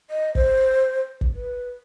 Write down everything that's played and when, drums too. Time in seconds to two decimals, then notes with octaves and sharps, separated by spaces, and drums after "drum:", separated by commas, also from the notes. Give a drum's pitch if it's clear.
0.10 D#5
0.35 C5, drum: kick
1.21 drum: kick
1.35 B4